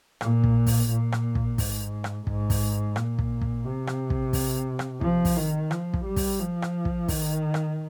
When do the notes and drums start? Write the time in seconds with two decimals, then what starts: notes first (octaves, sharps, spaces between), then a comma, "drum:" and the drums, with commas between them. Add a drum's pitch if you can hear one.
0.21 A#2, drum: rim click
0.44 drum: kick
0.67 drum: kick, open hi-hat
0.90 A#2
1.12 drum: rim click
1.35 drum: kick
1.58 G#2, drum: kick, open hi-hat
2.04 drum: rim click
2.27 G#2, drum: kick
2.50 drum: kick, open hi-hat
2.96 A#2, drum: rim click
3.19 drum: kick
3.41 drum: kick
3.64 C3
3.87 drum: rim click
4.10 drum: kick
4.33 drum: kick, open hi-hat
4.79 drum: rim click
5.01 F3, drum: kick
5.25 drum: kick, open hi-hat
5.36 D#3
5.71 F3, drum: rim click
5.94 drum: kick
6.05 G3
6.16 drum: kick, open hi-hat
6.39 F3
6.62 drum: rim click
6.85 drum: kick
7.08 D#3, drum: kick, open hi-hat
7.54 drum: rim click